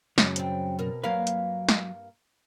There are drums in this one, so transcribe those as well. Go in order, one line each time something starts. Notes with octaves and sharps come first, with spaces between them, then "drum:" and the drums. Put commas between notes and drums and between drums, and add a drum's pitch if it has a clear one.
F#2 C#3 F#3, drum: snare
G3 C4, drum: hi-hat
B2 A#4
G2 F#3 A#3 A#4 B4 F5
drum: hi-hat
drum: snare